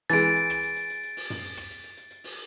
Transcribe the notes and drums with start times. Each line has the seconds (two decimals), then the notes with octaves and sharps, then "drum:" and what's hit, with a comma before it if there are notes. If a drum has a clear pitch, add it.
0.10 E3 G#3 A6 D7
0.36 drum: hi-hat
0.50 drum: rim click
0.63 drum: hi-hat
0.77 drum: hi-hat
0.90 drum: hi-hat
1.03 drum: hi-hat
1.17 drum: open hi-hat
1.30 drum: tom
1.44 drum: hi-hat
1.57 drum: rim click
1.70 drum: hi-hat
1.84 drum: hi-hat
1.97 drum: hi-hat
2.11 drum: hi-hat
2.24 drum: open hi-hat